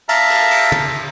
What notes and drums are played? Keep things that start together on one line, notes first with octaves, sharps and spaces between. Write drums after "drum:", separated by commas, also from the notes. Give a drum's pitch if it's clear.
E5 F5 A5 A#5, drum: cymbal
drum: cymbal
drum: cymbal
drum: tom